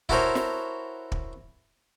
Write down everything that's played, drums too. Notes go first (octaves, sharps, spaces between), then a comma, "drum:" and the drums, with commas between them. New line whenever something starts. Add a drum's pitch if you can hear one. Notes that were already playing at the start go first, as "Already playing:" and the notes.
E4 F#4 A4 A#4 C5 C#5, drum: kick
drum: snare
drum: kick